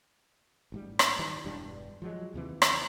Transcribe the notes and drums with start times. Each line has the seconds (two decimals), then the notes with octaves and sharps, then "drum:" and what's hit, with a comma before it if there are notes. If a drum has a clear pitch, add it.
0.72 A1 G#2 G3
0.99 drum: rim click
1.19 D#3 E3 G3
1.45 E1 G2 G3 D4
2.02 F3 F#3 G#3
2.34 D#2 C3 E3
2.62 drum: rim click